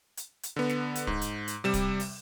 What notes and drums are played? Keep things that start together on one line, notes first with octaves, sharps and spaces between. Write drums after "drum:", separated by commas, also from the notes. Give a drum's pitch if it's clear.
drum: hi-hat
drum: hi-hat
D3 B3
drum: snare
drum: hi-hat
G#2, drum: kick
drum: hi-hat
drum: hi-hat
C3 G3 E7
drum: kick, hi-hat
drum: open hi-hat